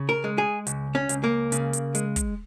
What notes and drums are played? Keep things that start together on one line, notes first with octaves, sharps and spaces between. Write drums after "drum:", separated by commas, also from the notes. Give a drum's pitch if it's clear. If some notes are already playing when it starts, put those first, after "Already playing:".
Already playing: C#3
A#4
G#3
G#4
C#2, drum: hi-hat
C#4
C#2, drum: hi-hat
A#3
C#3, drum: hi-hat
drum: hi-hat
G#3, drum: hi-hat
drum: kick, hi-hat